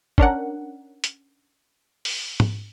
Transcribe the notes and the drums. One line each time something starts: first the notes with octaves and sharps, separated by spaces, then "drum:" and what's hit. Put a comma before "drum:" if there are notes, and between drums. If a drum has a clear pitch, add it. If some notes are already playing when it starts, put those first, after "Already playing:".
C#4 D4 A#4 F#5, drum: kick
drum: hi-hat
drum: open hi-hat
drum: tom